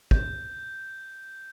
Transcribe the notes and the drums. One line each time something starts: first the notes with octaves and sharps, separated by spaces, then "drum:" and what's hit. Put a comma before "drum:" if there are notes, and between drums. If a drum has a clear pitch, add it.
G6, drum: kick